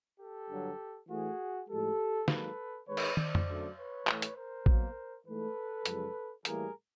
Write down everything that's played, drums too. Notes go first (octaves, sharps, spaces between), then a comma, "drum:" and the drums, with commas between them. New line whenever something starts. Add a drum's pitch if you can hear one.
G4 A4
G2 D3 F#3
A2 E3 A3 F#4 G#4
A2 F3 G#3 G4 A4
G#2 D#3 F#3 A#3 A4 B4, drum: snare
G#2 D#3 G#3 B4 C#5
drum: cymbal
C5 D5, drum: tom
drum: tom F2
F#2 D3 F#3 A3
B4 C#5
A2 E3 A3, drum: clap
drum: hi-hat
A#4 C5
B2 F#3 A#3, drum: kick A1
G#2 E3 A3 A4 B4
F#2 C#3 F3 G#3, drum: hi-hat
A2 E3 G3 A#3 G#4 A#4, drum: hi-hat